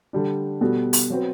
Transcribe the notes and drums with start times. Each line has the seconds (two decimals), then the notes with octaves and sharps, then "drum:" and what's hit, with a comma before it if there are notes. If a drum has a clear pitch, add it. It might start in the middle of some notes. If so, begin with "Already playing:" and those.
0.13 D3 G3 D4
0.61 B2 G3 B3 F#4 A4
0.93 drum: open hi-hat
1.10 F#3 C4 F#4 B4